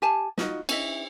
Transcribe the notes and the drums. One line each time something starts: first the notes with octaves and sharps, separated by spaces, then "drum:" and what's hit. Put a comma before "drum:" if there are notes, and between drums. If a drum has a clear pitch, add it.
G4 G#5 A5
D#4 F4 F#4 D#5, drum: snare
C#4 E4 D#5 E5, drum: cymbal